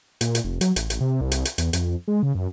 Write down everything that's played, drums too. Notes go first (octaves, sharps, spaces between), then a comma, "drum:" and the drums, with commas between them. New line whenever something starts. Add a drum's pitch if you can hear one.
A#2, drum: hi-hat
drum: hi-hat
F1
F#3, drum: hi-hat
A1, drum: hi-hat
drum: hi-hat
C3
C2
drum: hi-hat
drum: hi-hat
E2, drum: hi-hat
F2, drum: hi-hat
G#3
C#3
F#2